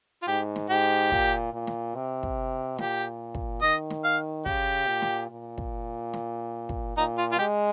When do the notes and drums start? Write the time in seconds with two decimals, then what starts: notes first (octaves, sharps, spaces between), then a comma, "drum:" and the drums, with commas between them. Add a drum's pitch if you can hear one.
0.22 F4
0.28 G#2 G4
0.56 drum: snare
0.70 G#2 G4
1.12 A#2, drum: kick
1.53 A#2
1.67 drum: snare
1.95 C3
2.23 drum: kick
2.78 A#2 G4, drum: snare
3.35 drum: kick
3.62 D#3 D#5
3.90 drum: snare
4.04 F5
4.46 C#3 G4, drum: kick
4.88 A#2
5.02 drum: snare
5.30 A#2
5.58 drum: kick
6.13 drum: snare
6.69 drum: kick
6.97 A#2 D#4
7.18 F4
7.32 F4
7.39 G#3 G4